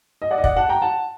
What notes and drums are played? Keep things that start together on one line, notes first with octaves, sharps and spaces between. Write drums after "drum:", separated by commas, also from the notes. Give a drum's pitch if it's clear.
D#5
D5 F#5
D#5
D5 F#5, drum: kick
F#5 A5
G5 A#5
F#5 A5